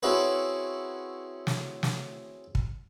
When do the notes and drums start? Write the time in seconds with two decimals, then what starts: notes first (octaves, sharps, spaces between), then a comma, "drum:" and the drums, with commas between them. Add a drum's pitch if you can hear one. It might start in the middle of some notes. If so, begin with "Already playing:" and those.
0.03 C4 C#4 E4 F#4 G#4 B4
1.47 drum: snare
1.83 drum: snare
2.55 drum: kick